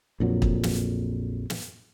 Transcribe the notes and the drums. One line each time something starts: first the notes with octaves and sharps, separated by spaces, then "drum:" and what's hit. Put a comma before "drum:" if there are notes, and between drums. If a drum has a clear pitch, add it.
A#1 F2 A#2 F#3
drum: kick
drum: snare
drum: snare